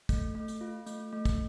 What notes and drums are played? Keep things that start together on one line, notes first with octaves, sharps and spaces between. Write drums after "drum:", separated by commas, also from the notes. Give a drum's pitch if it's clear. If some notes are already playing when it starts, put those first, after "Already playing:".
A3, drum: kick, hi-hat
A3
drum: hi-hat
F4
A3, drum: hi-hat
A3
drum: kick, hi-hat